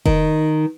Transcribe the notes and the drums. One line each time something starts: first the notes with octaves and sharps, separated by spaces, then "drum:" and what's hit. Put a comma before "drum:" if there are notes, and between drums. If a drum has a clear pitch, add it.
D#3, drum: kick F1